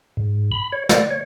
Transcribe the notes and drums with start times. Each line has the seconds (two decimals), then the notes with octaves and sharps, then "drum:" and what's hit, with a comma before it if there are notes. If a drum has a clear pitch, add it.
0.17 G#2
0.52 B5
0.72 C#5
0.89 D5, drum: snare
1.11 C#5